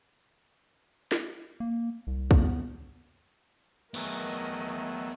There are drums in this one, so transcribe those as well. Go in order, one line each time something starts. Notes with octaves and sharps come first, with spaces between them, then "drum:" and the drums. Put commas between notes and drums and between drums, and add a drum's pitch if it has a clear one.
drum: snare
A#3
C2
A#3, drum: kick
B3
D#3 F#3 A3 B3 G#4 A#4 D#5, drum: cymbal